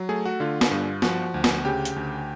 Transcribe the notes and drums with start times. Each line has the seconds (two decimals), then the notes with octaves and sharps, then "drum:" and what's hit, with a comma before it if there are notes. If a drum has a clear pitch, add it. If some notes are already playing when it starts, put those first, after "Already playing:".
Already playing: F#3
0.09 A3 G#4
0.25 F#4
0.40 D3 F4
0.61 drum: snare
0.71 G2
1.02 F3 F#4, drum: snare
1.34 D2
1.44 drum: snare
1.65 C#3 G4
1.85 drum: hi-hat
1.96 D2